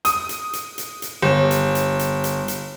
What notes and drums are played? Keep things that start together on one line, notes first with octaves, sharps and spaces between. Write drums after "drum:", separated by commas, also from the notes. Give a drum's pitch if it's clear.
D#6, drum: hi-hat
drum: hi-hat
drum: hi-hat
drum: hi-hat
drum: hi-hat
G1
drum: hi-hat
drum: hi-hat
drum: hi-hat
drum: hi-hat
drum: hi-hat